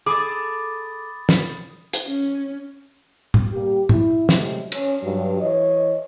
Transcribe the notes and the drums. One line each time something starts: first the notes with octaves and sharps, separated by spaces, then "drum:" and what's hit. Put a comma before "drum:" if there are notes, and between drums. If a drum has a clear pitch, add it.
G#4 A4 B5 D6 D#6 A6
drum: snare
drum: hi-hat
C#4
drum: tom A2
G3 A#3 G4
E4, drum: tom A2
C3 F#3 G#3 A3, drum: snare
C#4, drum: cymbal
G2 F#3
E3 C#5 D#5